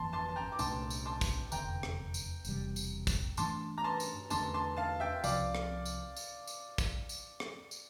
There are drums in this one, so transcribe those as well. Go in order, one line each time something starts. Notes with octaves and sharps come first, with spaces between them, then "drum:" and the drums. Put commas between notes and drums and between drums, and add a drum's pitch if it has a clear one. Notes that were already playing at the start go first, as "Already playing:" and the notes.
Already playing: G1 F2 E3 A#3 A5 C6
A5 C6
A5
G5 A#5
D6
C2 A#2 A3 D4 A5 C6, drum: tambourine
drum: tambourine
A5 C6
drum: kick, tambourine
F1 E2 D3 G5 A#5, drum: tambourine
drum: rim click
drum: tambourine
E1 E2 C3 G3, drum: tambourine
drum: tambourine
drum: kick, tambourine
G2 E3 A3 D4 A5 C6, drum: tambourine
A#5
A5 C6
drum: tambourine
E2 D3 A3 D4 A5 C6, drum: tambourine
A5 C6
F5 A5
E5 G5
C2 C3 F3 D5 F5, drum: tambourine
drum: rim click
drum: tambourine
drum: tambourine
drum: tambourine
drum: kick, tambourine
drum: tambourine
drum: rim click
drum: tambourine